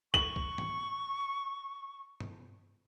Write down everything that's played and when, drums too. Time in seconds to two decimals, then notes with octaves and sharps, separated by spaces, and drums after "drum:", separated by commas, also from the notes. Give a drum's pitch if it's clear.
0.14 C#6 F#7, drum: kick
0.36 drum: kick
0.58 drum: tom
2.20 drum: tom G2